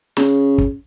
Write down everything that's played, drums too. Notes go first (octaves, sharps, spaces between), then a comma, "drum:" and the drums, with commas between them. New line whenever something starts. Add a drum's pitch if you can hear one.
C#3, drum: snare
drum: kick